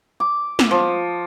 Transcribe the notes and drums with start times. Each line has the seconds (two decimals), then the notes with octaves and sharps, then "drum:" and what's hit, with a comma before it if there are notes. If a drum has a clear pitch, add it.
0.20 D6
0.59 drum: snare
0.71 F3